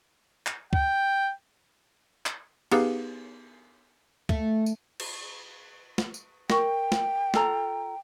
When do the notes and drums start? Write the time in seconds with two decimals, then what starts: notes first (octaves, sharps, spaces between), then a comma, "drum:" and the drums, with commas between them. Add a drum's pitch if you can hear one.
0.46 drum: clap
0.73 G5, drum: kick
2.26 drum: clap
2.71 B3 D#4 G4 G#4 B4 F5, drum: cymbal
4.29 A3, drum: kick
4.66 drum: tambourine
5.00 drum: cymbal
5.98 drum: snare
6.14 drum: tambourine
6.50 A#4 G5 C#6, drum: snare
6.92 drum: snare
7.34 F4 A4 A#5, drum: snare